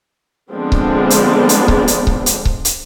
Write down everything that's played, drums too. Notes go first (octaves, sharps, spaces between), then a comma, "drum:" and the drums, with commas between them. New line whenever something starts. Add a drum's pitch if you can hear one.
D3 F3 G#3 B3 C4 D4
drum: kick C#1
drum: hi-hat
drum: hi-hat
drum: kick C#1
drum: hi-hat
drum: kick C#1
drum: hi-hat
drum: kick C#1
drum: hi-hat